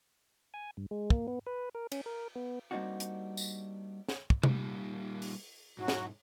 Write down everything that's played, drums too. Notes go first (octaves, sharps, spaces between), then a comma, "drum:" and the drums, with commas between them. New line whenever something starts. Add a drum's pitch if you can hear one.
G#5
G2
G#3
A#3, drum: kick
B3
B4
A#4
C#4, drum: cymbal
A#4
B3
G3 A#3 C4 D4 D#4 F#4
drum: hi-hat
drum: tambourine
drum: snare
drum: kick
A#2 G3, drum: tom C3
drum: open hi-hat
B1 G#2 F#3 F#4
drum: snare